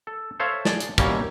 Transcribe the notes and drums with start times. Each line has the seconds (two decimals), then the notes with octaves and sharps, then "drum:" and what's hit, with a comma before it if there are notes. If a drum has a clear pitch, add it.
0.07 A4
0.40 A4 C5 C#5 E5 F5
0.65 G#4 D5 A5, drum: snare
0.80 drum: hi-hat
0.98 D#2 B2 E3 G3 A#3 C#4, drum: kick, hi-hat